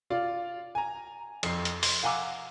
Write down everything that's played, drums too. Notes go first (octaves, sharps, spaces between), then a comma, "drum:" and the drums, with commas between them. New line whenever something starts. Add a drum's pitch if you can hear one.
F4 D5 F5
G#5 A#5
F2 C7, drum: cymbal
drum: hi-hat
C6, drum: open hi-hat
F5 F#5 G#5 A#5 D6 E6